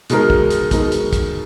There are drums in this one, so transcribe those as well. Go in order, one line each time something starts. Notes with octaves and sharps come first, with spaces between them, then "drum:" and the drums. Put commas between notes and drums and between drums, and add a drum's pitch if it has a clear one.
B2 G#3 D#4 A#4, drum: hi-hat
drum: kick
drum: hi-hat
B2 G#3 D#4 A#4, drum: kick, hi-hat
drum: hi-hat
drum: kick, hi-hat